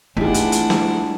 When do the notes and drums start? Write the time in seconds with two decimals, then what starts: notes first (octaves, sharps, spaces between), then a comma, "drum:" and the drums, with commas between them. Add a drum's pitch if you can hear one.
0.17 E3 A3 D4 D#4 F4 G4 G#4 F#5
0.34 drum: hi-hat
0.52 drum: hi-hat
0.70 drum: snare